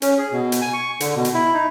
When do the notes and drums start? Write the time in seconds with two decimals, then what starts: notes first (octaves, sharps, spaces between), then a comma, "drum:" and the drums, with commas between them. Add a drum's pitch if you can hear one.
0.02 C#4, drum: hi-hat
0.18 G#4
0.32 B2
0.52 drum: hi-hat
0.61 G#5
0.73 C#6
1.00 D3, drum: hi-hat
1.16 B2
1.25 drum: hi-hat
1.34 E4
1.54 D#4